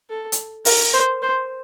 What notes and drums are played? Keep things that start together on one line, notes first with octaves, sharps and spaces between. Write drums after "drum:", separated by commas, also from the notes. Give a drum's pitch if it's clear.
A4
drum: hi-hat
A#4, drum: open hi-hat
C5
C5